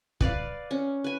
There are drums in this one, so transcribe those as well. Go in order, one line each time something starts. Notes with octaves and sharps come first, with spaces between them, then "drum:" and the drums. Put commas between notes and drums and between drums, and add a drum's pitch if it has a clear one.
B4 D5 F5, drum: kick
C#4
B4 G#5